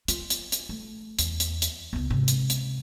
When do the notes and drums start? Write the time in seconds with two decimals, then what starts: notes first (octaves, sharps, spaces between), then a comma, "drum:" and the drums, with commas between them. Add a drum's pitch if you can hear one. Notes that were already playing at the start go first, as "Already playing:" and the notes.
0.08 F4, drum: hi-hat
0.30 drum: hi-hat
0.52 drum: hi-hat
0.69 A3
1.19 E2, drum: hi-hat
1.40 drum: hi-hat
1.62 drum: hi-hat
1.93 C#2 B3
2.10 G#2 C3
2.28 drum: hi-hat
2.50 drum: hi-hat